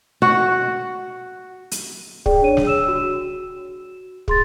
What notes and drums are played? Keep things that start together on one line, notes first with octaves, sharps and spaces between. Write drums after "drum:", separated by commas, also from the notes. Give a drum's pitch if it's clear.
F#4
drum: hi-hat
G#4 D5 G5, drum: kick
D4 C#5 D#7
drum: snare
E6 E7
F#4
G#4 C6 A6, drum: kick